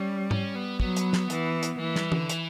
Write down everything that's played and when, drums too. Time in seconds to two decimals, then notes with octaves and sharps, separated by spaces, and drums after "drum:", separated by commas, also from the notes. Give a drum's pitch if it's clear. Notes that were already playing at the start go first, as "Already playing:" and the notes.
Already playing: G3 C#4
0.31 C#4, drum: tom G#2
0.55 B3
0.80 F#3 B3, drum: kick
0.97 drum: hi-hat
1.13 drum: snare
1.30 E3, drum: hi-hat
1.63 drum: hi-hat
1.79 E3 A#3
1.96 G3, drum: snare
2.12 D3, drum: tom
2.29 E3, drum: hi-hat